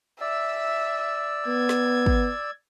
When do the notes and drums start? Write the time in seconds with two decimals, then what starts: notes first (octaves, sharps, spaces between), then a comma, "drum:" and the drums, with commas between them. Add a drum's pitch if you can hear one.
0.21 D5 E5 E6
1.48 B3 G#6
1.69 drum: snare
2.06 drum: kick